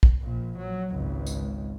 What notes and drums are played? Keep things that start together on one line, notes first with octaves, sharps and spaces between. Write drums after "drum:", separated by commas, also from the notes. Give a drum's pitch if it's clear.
drum: kick
A#1 A#2
F#3
G#1 C#2
drum: tambourine